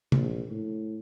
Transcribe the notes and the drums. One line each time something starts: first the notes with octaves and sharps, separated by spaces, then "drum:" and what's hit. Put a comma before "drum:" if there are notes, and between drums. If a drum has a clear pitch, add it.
A#1, drum: tom
A2